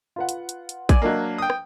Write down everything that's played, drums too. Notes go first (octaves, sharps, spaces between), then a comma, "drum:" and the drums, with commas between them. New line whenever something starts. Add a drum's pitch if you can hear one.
F4 B4 F#5
drum: hi-hat
drum: hi-hat
drum: hi-hat
D5 G#5, drum: kick A1, hi-hat
F#3 A#3 D4 A#4 D#5
G5 D#6
drum: rim click